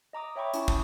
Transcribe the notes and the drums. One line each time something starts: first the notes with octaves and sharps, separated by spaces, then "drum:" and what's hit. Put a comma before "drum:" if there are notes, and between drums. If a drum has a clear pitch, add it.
D#5 A#5 D6 D#6
C#5 E5 G5 B5 C#6 D6
C#4 E4 A5 C#6, drum: hi-hat
A5 D#6, drum: kick